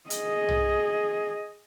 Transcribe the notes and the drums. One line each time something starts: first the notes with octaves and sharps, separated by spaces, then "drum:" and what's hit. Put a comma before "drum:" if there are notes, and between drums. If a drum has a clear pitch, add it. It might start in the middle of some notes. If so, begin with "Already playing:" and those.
G#4 D#5, drum: hi-hat
drum: tom B1